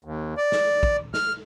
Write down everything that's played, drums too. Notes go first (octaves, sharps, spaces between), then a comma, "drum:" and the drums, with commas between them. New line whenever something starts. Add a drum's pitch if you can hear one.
D#2
D5
drum: snare
drum: kick
F6, drum: snare